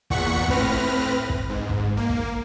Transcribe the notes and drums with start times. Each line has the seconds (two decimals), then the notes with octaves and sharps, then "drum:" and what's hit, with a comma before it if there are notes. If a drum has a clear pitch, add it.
0.10 E2 A#2 F#5 C#6 B6 C#7, drum: kick
0.48 A2 C4 B4 F6 A#6, drum: kick
1.30 drum: kick
1.50 G#2
1.69 drum: kick
1.97 A#3
2.09 drum: kick